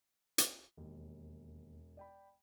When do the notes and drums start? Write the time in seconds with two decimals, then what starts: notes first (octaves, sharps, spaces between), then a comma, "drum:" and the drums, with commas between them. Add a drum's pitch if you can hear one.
0.38 drum: hi-hat
0.77 E1 D#2
1.97 D5 G5 B5